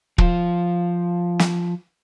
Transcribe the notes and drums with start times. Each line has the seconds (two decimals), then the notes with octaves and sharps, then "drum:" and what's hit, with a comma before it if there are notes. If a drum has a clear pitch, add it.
0.18 F3 F4, drum: kick
1.39 drum: snare